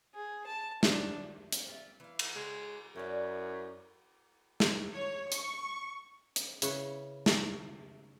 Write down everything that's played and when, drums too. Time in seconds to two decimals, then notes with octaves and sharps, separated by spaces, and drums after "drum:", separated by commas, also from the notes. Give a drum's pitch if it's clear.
0.15 G#4
0.46 A5
0.83 D4, drum: snare
1.52 drum: hi-hat
1.68 F4 G4 E5
2.00 E3 F5
2.19 drum: cymbal
2.35 C#3 G#3
2.96 F#2 E4 F#4 D5
4.60 drum: snare
4.93 C#5
5.32 C#6, drum: hi-hat
6.36 drum: hi-hat
6.62 C#3 E4 B4 C#5, drum: hi-hat
7.26 drum: snare